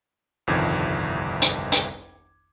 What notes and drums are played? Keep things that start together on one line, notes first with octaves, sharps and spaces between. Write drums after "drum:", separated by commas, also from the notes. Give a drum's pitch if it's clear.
G1 C2 F2 D#3 D6 G#6
drum: hi-hat
drum: hi-hat